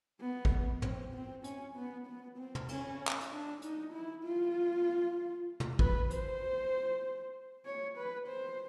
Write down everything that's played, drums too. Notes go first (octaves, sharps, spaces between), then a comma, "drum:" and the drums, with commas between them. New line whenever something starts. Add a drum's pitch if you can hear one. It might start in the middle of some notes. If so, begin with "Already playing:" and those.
B3
drum: kick G#1
C4, drum: tom
C4
C#4, drum: hi-hat
B3
B3
C4
drum: tom
C#4, drum: cymbal
drum: clap
drum: hi-hat
D4
D#4, drum: hi-hat
E4
F4
drum: tom
B4, drum: kick G#1
C5, drum: hi-hat
C#5
B4
C5